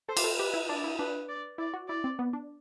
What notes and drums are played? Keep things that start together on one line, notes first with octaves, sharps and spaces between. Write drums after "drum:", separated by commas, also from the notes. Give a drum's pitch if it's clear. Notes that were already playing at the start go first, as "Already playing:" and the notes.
A4 C5
G4, drum: cymbal
A4
G4 B4
E4
D4 D5
E4
D4 B4
D5
E4 D5
F#4
E4 D5
C4
B3
D4